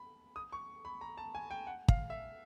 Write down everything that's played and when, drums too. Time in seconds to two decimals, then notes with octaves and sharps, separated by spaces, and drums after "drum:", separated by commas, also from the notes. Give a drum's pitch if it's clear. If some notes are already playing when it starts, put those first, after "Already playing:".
Already playing: B5
0.36 D#6
0.52 C#6
0.85 B5
1.01 A#5
1.17 A5
1.35 G#5
1.51 G5
1.67 F#5
1.88 F5, drum: kick
2.10 E5